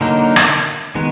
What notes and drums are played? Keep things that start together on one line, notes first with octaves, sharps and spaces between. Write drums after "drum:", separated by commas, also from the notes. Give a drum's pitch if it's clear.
D3 F#3 A#3 D#4
drum: rim click
D#3 G#3 B3